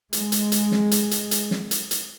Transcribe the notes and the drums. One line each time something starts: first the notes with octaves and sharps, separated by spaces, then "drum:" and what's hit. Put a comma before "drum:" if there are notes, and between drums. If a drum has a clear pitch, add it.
G#3, drum: hi-hat
drum: hi-hat
drum: hi-hat
drum: snare
drum: hi-hat
drum: hi-hat
drum: hi-hat
drum: snare
drum: hi-hat
drum: hi-hat